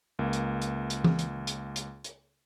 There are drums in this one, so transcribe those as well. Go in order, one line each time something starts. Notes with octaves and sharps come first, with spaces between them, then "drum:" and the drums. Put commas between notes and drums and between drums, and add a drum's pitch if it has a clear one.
C#2 A#3
drum: hi-hat
drum: hi-hat
drum: hi-hat
drum: tom E3
drum: hi-hat
drum: hi-hat
drum: hi-hat
drum: hi-hat